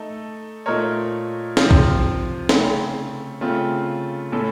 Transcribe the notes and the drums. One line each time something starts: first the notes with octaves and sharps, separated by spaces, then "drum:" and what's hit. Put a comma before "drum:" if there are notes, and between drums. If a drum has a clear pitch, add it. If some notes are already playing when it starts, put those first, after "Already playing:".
Already playing: A3 D#4 A4
A#2 A3 D#4 A#4 C#5
C3 F3 C4 F4, drum: snare
drum: kick
C#3 A3 C4, drum: snare
C#3 A3 C4 F4
A2 A3 C#4 A4